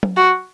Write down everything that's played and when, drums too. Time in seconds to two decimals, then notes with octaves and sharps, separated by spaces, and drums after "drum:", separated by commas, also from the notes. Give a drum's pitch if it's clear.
0.03 drum: tom
0.17 F#4